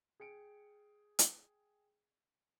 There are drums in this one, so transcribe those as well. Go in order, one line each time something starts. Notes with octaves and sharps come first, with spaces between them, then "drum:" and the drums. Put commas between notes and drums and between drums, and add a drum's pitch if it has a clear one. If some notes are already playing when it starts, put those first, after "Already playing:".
G#4 G5 C#7 D7
drum: hi-hat